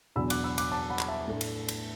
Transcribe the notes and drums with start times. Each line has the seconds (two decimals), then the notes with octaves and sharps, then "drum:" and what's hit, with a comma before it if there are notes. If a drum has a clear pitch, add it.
0.16 E2 B2 F#3 D4 B5 E6
0.30 D6 F#6, drum: cymbal
0.44 B5 E6
0.58 D6 F#6, drum: cymbal
0.72 A5 D6
0.90 F#5 B5
0.99 drum: clap
1.08 E5 A5
1.27 A2 A3 D4
1.41 drum: cymbal
1.68 drum: cymbal